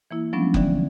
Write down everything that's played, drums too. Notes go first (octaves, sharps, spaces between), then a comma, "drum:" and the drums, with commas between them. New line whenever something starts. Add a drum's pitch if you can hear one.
E3 A#3 E4
F3 F#3 G#3 B3 C#4 D4
D3 E3 G3, drum: kick F#1